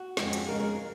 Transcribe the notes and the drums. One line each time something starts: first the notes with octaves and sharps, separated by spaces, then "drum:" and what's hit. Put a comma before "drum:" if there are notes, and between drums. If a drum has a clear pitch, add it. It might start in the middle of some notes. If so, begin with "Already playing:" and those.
Already playing: F#4
F2 C#3 G#3, drum: snare
drum: hi-hat
F2 C#3 G#3 A#4
A#4